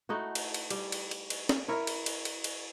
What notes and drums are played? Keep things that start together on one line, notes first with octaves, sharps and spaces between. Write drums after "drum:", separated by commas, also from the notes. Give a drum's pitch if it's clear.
A3 D#4 E4 F#4
drum: cymbal
drum: cymbal
G3, drum: cymbal
drum: cymbal
drum: cymbal
drum: cymbal
drum: snare
E4 A#4 C#5
drum: cymbal
drum: cymbal
drum: cymbal
drum: cymbal